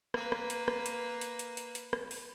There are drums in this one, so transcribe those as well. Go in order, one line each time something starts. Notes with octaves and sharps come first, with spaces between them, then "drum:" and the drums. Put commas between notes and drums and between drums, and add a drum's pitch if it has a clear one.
A#3 B4, drum: rim click
drum: rim click
drum: hi-hat
drum: rim click
drum: hi-hat
drum: hi-hat
drum: hi-hat
drum: hi-hat
drum: hi-hat
drum: rim click
drum: open hi-hat